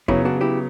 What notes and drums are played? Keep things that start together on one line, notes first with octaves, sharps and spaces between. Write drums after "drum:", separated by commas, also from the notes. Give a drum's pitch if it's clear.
C#3 F#3 B3 C#4 E4, drum: kick F#2
D4 F#4
E4 G4